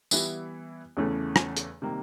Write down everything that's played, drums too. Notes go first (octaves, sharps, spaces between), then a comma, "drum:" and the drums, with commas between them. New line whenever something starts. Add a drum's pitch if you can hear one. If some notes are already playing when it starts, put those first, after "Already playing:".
E3 G3 B3 E4, drum: tambourine
E2 C#3 E3 A3 C#4
drum: rim click
drum: hi-hat
C3 D#3 G3 A#3